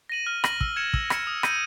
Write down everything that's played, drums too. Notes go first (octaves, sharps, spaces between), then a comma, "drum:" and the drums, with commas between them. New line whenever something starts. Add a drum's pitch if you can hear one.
A#6 D#7 F#7
F6
A#6 D#7 F#7, drum: rim click
E6, drum: kick
G#6 C#7 E7
E6, drum: kick
G#6 C#7 E7, drum: rim click
D#6
G6 A#6 D#7, drum: rim click